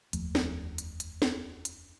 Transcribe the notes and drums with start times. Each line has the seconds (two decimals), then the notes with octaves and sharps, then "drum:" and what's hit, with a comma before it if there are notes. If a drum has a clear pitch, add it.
0.13 F1 D#2 F3 A3, drum: hi-hat
0.35 drum: snare
0.78 drum: hi-hat
1.00 drum: hi-hat
1.22 drum: snare
1.65 drum: hi-hat